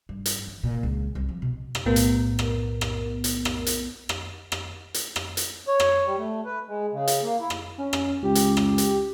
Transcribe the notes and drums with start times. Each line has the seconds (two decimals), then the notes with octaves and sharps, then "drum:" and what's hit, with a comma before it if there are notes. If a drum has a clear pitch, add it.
0.09 G2
0.26 drum: hi-hat
0.47 E3
0.63 A#2
0.83 C#2
1.15 C2
1.29 F3
1.42 B2
1.75 drum: rim click
1.86 B1 A2 B3 A#4
1.96 drum: hi-hat
2.39 drum: rim click
2.81 drum: rim click
3.24 drum: hi-hat
3.45 drum: rim click
3.67 drum: hi-hat
4.09 drum: rim click
4.52 drum: rim click
4.94 drum: hi-hat
5.16 drum: rim click
5.37 drum: hi-hat
5.68 C#5
5.80 drum: rim click
6.06 G3
6.19 A3
6.45 B4
6.69 G#3
6.93 C#3
7.07 drum: hi-hat
7.22 A#3
7.40 E4
7.50 drum: rim click
7.78 C#4
7.93 drum: rim click
8.23 C#2 G4
8.35 drum: hi-hat
8.57 drum: rim click
8.78 drum: hi-hat